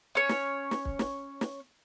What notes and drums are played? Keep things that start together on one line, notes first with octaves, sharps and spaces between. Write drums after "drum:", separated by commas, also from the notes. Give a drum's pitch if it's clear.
C#4 C#5
drum: snare
drum: snare
drum: kick
drum: snare
drum: snare